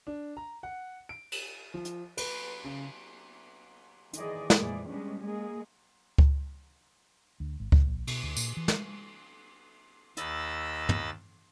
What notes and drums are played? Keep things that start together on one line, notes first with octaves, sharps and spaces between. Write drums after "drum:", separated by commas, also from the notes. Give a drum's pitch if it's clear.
D4
A#5
F#5
D7
drum: cymbal
F3
drum: hi-hat
B4, drum: cymbal
C#3
D#3 E3 G#4 D5 D#5, drum: hi-hat
drum: snare
F2 A#2 E3 G#4 D5
G3 G#3 B3 C#4 D4
G#3 A#3 G#4
drum: kick C#2
D2
G#1
C#3, drum: kick C#2
A#1
B2, drum: cymbal
D2
A#2, drum: tambourine
E3
drum: snare
D#2 D#5 B5 E6 A6, drum: hi-hat
drum: tom